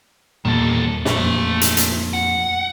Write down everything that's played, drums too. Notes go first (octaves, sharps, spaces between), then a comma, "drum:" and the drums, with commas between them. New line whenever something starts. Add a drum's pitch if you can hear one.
E2 A#2 D#3 G3 A4
F2 A#2 E3 A3, drum: snare
drum: hi-hat
drum: hi-hat
F#5